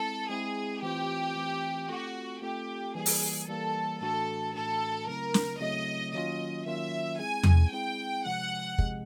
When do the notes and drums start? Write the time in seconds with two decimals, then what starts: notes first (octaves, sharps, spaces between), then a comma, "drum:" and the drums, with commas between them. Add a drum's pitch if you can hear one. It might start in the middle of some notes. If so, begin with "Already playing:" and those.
Already playing: G#3 C4 E4 A4
0.29 G#3 C4 E4 G#4
0.82 E3 A3 C4 F4 G4
1.36 E3 A3 C4 F4
1.88 A3 C4 F4 F#4 A4
2.41 A3 C4 F4 G4 A4
2.95 E3 G3 A#3 G#4
3.06 drum: open hi-hat
3.48 E3 G3 A#3 A4
4.01 A2 E3 A3 D4 F#4 A4
4.54 A2 E3 A3 D4 F#4 A4
5.07 C#3 F#3 A3 C4 E4 A#4
5.34 drum: snare
5.59 C#3 F#3 A3 C4 E4 D#5
6.13 D#3 F#3 A#3 C#4 F4 D#5
6.66 D#3 F#3 A#3 C#4 F4 E5
7.19 G#3 C4 E4 G#4 G#5
7.43 drum: tom E2
7.72 G#3 C4 E4 G#4 G5
8.25 C3 F3 G#3 F#5
8.78 C3 F3 G#3, drum: kick